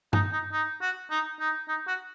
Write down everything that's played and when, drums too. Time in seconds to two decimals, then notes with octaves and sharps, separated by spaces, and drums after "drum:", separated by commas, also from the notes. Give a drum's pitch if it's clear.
0.13 D#4, drum: tom G2
0.32 D#4
0.52 D#4
0.81 F#4
1.10 D#4
1.40 D#4
1.68 D#4
1.87 F#4